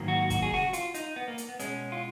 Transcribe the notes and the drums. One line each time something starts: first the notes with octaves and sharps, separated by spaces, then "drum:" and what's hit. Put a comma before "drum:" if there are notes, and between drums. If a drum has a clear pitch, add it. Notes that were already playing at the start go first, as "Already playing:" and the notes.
Already playing: G#2 D#3 F#3 A#3
F#4
F#4, drum: kick, hi-hat
G#4
F#4, drum: snare
F4, drum: hi-hat
D#4, drum: hi-hat
B3
A#3
drum: hi-hat
B3
B2 G#3 C#4, drum: hi-hat
F4